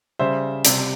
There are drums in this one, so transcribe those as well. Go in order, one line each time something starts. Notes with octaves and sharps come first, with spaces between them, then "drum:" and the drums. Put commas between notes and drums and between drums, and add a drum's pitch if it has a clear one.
C#3 G3 C5 E5
C3 G3, drum: hi-hat